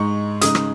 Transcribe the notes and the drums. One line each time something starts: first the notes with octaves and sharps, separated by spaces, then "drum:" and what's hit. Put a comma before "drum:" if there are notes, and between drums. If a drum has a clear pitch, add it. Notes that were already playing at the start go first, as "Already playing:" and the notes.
Already playing: G#2 G#3 D#4 C#6
C#3 G#3 D#4 D#6, drum: hi-hat
drum: rim click